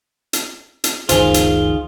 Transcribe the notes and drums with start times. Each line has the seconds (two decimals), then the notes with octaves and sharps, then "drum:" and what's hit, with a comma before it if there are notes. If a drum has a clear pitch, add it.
0.33 drum: hi-hat
0.84 drum: hi-hat
1.09 F#1 C#2 D#3 F3 F4 G#4 C5 G#5, drum: hi-hat
1.34 drum: hi-hat